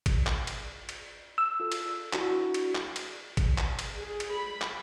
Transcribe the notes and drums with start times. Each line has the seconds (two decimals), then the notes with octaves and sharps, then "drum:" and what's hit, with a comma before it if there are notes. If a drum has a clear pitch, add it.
0.06 drum: kick G#1, cymbal
0.27 drum: clap
0.47 drum: cymbal
0.89 drum: cymbal
1.38 E6
1.60 F4 A4
1.72 drum: cymbal
2.13 D4 E4 F#4, drum: clap
2.54 drum: cymbal
2.75 drum: clap
2.96 drum: cymbal
3.37 drum: kick G#1, cymbal
3.58 drum: clap
3.79 drum: cymbal
3.98 G#4
4.20 drum: cymbal
4.31 B5
4.62 drum: clap